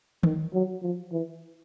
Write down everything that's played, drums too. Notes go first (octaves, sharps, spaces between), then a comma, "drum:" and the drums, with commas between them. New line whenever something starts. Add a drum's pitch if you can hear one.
D#3, drum: tom D#3
F#3
F3
E3